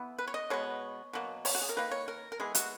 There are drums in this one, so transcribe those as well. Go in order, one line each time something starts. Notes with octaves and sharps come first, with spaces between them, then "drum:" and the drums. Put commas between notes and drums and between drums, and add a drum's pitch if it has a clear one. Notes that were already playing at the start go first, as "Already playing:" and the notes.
Already playing: E3 B3
B4
C#5
D#5
B2 G#3 B3 C#5
B2 F#3 A#3
C#5, drum: open hi-hat
F#4
G#4
A#4
D#3 A#3 B4
C#5
A#4
A#4
E3 G#3 B3 G#4
F#4, drum: hi-hat